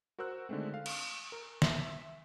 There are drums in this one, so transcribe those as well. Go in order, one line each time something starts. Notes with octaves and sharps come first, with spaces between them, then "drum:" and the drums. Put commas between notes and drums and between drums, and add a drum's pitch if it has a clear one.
F#4 A#4 C5 E6 F#6
D3 D#3 G#3 A3 C4
F5
drum: cymbal
A#4
E5 C6, drum: snare